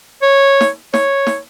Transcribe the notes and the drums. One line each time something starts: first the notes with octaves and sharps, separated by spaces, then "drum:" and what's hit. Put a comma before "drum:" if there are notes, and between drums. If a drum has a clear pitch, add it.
C#5
drum: snare
C#5, drum: snare
drum: snare